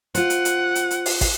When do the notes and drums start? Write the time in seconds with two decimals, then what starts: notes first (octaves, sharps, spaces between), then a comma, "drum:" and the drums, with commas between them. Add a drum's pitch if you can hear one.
0.15 F4 C5 F#5, drum: hi-hat
0.30 drum: hi-hat
0.45 drum: hi-hat
0.75 drum: hi-hat
0.91 drum: hi-hat
1.06 drum: open hi-hat
1.21 drum: kick, open hi-hat